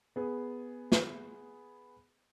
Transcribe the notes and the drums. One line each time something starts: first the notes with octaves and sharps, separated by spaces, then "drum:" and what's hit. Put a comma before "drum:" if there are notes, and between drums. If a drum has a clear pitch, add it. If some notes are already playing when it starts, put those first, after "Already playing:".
B3 G#4
drum: snare